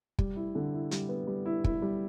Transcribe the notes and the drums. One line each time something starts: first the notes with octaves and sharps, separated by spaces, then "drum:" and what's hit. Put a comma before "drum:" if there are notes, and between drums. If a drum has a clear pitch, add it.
G3, drum: kick
E4
D3
E4
G3, drum: hi-hat
B3
G3
E4
E4, drum: kick
G3